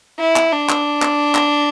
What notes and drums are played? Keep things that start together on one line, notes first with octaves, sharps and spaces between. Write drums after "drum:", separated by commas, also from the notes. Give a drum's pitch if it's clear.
E4
drum: clap
D4
drum: clap
drum: clap
drum: clap